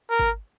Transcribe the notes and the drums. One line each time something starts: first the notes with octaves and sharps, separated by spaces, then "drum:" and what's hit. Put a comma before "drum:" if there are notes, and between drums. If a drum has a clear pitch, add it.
A#4
drum: kick G#1